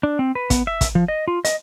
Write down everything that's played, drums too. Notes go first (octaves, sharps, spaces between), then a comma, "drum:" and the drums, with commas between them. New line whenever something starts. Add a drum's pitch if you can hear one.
D4
C4
B4
B3, drum: kick, hi-hat
E5
drum: kick, hi-hat
F3
D#5
F4
D#5, drum: hi-hat